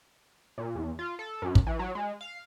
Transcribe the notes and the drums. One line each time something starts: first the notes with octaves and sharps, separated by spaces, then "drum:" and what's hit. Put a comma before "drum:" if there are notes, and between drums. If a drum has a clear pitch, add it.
A#2
E2
F4
A4
F#2
drum: kick
E3
F#3
G#3
F5